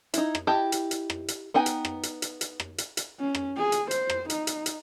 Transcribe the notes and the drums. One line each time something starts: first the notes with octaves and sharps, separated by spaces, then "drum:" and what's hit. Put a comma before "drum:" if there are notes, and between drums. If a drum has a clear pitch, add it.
D#4 E4, drum: hi-hat
drum: rim click
E4 G4 D#5 G5 A5
drum: hi-hat
drum: hi-hat
drum: rim click
drum: hi-hat
B3 D#4 G5 G#5
drum: hi-hat
drum: rim click
drum: hi-hat
drum: hi-hat
drum: hi-hat
drum: rim click
drum: hi-hat
drum: hi-hat
C#4
drum: rim click
G#4
drum: hi-hat
C5, drum: hi-hat
drum: rim click
D#4, drum: hi-hat
drum: hi-hat
drum: hi-hat